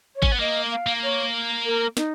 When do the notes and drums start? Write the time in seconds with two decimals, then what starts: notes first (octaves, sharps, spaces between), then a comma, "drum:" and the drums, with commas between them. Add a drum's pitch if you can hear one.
0.16 C#5
0.23 C#4, drum: kick G#1
0.32 B3
0.40 A#3 D#5
0.71 F5
0.87 A#3
1.03 C#5
1.65 A#4
1.97 D#4, drum: snare